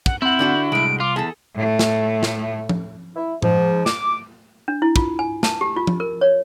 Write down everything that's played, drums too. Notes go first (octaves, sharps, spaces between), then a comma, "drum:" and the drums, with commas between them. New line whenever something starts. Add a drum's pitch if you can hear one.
F#5, drum: kick
C4 E4 F#5 G6
D3 D4 F#4
C2 A2 G#3 D7
F4 D6
E2 G#4 A4 A5
A2 A3
drum: snare
drum: snare
drum: tom F3
E4
G#2 F3, drum: tom A2
D6, drum: snare
D4
E4
F4, drum: kick
G#5
A5, drum: snare
G4
F4
drum: tom F3
A#4
C#5